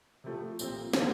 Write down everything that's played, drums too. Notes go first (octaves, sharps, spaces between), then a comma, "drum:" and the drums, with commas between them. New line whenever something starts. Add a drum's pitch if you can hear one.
C3 F3 A3
C2 A#2 F3 C4, drum: tambourine
D3 G3, drum: snare